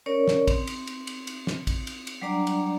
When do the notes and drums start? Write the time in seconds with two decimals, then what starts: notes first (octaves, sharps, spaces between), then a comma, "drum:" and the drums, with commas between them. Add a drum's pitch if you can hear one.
0.06 C#4 A#4 C#5 D5
0.28 drum: snare
0.47 C4, drum: kick, cymbal
0.67 drum: cymbal
0.87 drum: cymbal
1.07 drum: cymbal
1.27 drum: cymbal
1.47 drum: snare
1.67 drum: kick, cymbal
1.87 drum: cymbal
2.07 drum: cymbal
2.22 F#3 G3 D4 D5 A#5
2.47 drum: cymbal